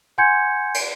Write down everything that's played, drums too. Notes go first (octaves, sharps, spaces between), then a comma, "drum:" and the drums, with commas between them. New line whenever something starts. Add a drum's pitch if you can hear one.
F#5 G#5 C6 G6 G#6 C#7
drum: cymbal